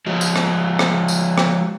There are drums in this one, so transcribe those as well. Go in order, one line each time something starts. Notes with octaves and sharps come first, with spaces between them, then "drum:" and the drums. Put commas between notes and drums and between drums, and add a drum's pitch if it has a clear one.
F3 G#3
drum: tambourine
drum: rim click
drum: rim click
drum: tambourine
drum: rim click